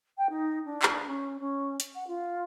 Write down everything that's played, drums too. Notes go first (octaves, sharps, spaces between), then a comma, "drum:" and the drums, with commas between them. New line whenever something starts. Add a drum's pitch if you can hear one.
G5
D#4
D4
drum: clap
C#4
C#4
drum: hi-hat
F#5
F4